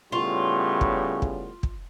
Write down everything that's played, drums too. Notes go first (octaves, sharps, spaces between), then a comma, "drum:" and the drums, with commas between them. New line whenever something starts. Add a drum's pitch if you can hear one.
A2 C#3 G3 B3 F4 C#6
drum: kick
drum: kick
drum: kick